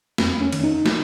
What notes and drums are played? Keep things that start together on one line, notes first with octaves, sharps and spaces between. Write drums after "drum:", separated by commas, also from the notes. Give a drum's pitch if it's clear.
F2 C4, drum: snare
C#4
D#3, drum: cymbal
D#4
D#3, drum: snare